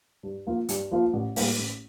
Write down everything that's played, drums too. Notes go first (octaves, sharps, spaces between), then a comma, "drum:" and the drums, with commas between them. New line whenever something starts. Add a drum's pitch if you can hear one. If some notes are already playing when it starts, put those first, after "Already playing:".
G2
F3 A#3 F4
G2, drum: hi-hat
F3 A#3 F4
A1
A2 G3 A#3, drum: open hi-hat
A1